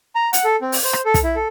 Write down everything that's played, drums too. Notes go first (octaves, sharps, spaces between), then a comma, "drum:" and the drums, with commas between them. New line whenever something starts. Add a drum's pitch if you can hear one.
A#5
F#5, drum: hi-hat
A4
C4
drum: open hi-hat
C5
drum: rim click
A4
drum: kick, hi-hat
E4
A4